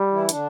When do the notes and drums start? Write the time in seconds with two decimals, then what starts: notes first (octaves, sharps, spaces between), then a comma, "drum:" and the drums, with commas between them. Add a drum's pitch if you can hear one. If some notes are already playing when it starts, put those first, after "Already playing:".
Already playing: G3
0.11 E3 E4
0.29 D3 D4, drum: hi-hat